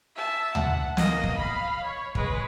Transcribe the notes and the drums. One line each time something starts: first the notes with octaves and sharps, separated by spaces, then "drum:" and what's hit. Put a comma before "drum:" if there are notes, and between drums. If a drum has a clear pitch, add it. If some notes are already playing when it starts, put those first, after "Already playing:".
E5 A5
F#5, drum: tom C#2
A#3 D#5, drum: snare
drum: kick
F5 B5
C#5
G#3 B4, drum: kick